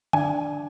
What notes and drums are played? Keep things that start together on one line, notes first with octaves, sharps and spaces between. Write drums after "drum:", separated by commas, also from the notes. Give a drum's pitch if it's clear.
D4 G#5, drum: tom D3